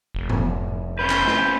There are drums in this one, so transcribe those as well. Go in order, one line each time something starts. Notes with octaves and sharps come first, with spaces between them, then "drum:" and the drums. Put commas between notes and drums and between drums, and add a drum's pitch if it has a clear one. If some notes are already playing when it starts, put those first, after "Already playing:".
F1
drum: tom G#2
C4 C#4 B4 G6
drum: clap
drum: snare